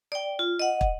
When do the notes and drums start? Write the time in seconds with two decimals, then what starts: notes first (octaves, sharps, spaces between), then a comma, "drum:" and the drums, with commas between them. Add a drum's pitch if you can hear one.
0.12 D5 G5
0.39 F4
0.59 D#5 F#5
0.81 drum: kick